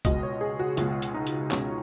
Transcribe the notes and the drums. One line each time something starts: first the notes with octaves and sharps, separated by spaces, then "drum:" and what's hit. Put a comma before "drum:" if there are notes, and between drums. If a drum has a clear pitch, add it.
C#2 B2 G#3 D#5, drum: kick, hi-hat
C#5
G#4
F#4
C#2 B2 G#3 F4, drum: hi-hat
drum: hi-hat
D#4
drum: hi-hat
C#2 B2 G#3 C#4, drum: clap